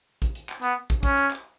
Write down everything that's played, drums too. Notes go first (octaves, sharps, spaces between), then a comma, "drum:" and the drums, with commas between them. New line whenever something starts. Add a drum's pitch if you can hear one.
drum: kick, hi-hat
drum: hi-hat
drum: clap
B3, drum: hi-hat
drum: kick, hi-hat
C#4, drum: kick, hi-hat
drum: hi-hat
drum: clap